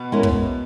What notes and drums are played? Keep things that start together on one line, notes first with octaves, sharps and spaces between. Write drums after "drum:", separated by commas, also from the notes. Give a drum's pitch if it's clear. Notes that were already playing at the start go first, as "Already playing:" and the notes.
Already playing: B2 B3
G#3 C#4 E4 A#4
drum: kick